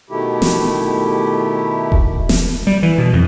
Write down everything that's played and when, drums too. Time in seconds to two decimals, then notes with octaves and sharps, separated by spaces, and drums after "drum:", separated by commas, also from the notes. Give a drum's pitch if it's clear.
0.10 B2 D#3 A3 E4 G4
0.42 drum: snare
1.92 drum: kick E1
2.29 drum: snare
2.67 G3
2.83 E3
2.98 B2
3.13 F2